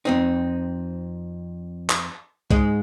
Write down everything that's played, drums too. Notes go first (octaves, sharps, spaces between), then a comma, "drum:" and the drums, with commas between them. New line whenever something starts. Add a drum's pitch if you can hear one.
F2 C4 D#4
drum: clap
G#2 G#3, drum: kick